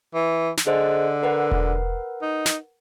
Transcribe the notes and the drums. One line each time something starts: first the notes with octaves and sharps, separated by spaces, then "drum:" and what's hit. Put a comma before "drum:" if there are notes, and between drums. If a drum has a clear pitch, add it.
E3
drum: snare
D3 G#4 C5 D#5
A#4 B4 F#5
drum: kick E1
D#4
drum: snare